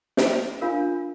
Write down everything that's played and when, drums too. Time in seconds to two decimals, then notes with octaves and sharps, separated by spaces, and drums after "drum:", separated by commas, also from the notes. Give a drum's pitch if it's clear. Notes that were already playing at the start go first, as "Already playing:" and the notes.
0.17 drum: snare
0.61 D4 F4 A#4 F5